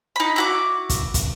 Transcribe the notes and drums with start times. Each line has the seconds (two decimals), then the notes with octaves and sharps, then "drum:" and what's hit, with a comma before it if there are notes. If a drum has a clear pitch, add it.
0.16 D#4 B5
0.36 E4 F#4 D6
0.90 drum: kick, hi-hat
1.14 drum: kick, hi-hat